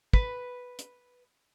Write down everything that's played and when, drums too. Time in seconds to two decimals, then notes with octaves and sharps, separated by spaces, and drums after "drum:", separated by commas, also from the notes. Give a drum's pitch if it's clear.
0.13 B4, drum: kick
0.79 drum: hi-hat